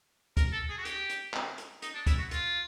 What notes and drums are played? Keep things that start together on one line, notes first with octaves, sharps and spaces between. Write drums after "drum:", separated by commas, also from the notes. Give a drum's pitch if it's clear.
A#4, drum: kick D2, hi-hat
A4
G#4
F#4
G4, drum: hi-hat
drum: hi-hat
drum: clap
drum: hi-hat
D#4, drum: hi-hat
D4
E4, drum: kick D2, hi-hat
F#4
F4, drum: hi-hat